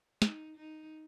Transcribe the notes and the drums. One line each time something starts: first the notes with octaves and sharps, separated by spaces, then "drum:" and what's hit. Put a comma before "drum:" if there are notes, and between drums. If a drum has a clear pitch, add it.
D#4, drum: snare
D#4